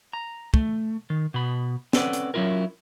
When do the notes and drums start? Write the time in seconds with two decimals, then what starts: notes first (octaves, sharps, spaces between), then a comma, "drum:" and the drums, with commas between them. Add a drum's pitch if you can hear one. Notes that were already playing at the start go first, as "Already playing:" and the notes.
0.13 A#5
0.54 A3, drum: kick
1.10 D#3
1.34 B2 B5
1.93 C4 C#4 A4 B4 D5 F#5, drum: snare
2.13 drum: hi-hat
2.34 F#3 C#4 E4 F4 A#4